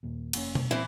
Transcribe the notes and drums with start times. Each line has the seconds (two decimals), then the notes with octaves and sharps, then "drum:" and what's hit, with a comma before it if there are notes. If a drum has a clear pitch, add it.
0.03 D#2 A#2
0.33 F1 A#3 C#4, drum: cymbal
0.55 drum: tom B2
0.71 A#2 E3 C4 E4